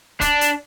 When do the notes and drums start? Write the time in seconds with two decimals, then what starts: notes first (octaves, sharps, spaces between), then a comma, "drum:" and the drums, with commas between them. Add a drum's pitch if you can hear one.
0.21 D4, drum: kick, hi-hat
0.41 drum: hi-hat